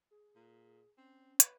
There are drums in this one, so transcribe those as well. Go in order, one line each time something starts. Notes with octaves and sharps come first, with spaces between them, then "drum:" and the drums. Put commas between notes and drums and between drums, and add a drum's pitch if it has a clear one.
G#4
A#2
C4 C#4
B4 C#5, drum: hi-hat